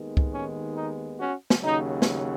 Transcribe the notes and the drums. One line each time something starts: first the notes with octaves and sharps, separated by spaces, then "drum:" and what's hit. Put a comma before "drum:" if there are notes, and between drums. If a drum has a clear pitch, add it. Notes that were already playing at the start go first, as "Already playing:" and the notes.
Already playing: D#2 D#3 G#3 B3
drum: kick
C#4
D#4
C#4 F#4
drum: snare
D#2 C#3 F#3 D#4
drum: snare